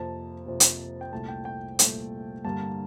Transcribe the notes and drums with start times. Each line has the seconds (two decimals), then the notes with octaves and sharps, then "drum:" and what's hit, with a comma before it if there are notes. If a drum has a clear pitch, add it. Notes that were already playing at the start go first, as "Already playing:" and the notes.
Already playing: F2 C3 F3 A#3 A5
0.46 F2 C3 F3 A#3
0.60 drum: hi-hat
1.01 G5
1.12 C2 A#2 A3 A5
1.28 G5
1.45 G5
1.79 C2 A#2 A3, drum: hi-hat
2.45 G2 D3 G3 A#3 A5